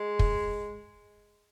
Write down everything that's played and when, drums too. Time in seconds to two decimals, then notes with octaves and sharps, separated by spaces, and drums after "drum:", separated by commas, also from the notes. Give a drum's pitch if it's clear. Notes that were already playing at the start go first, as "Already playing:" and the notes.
Already playing: G#3
0.19 drum: kick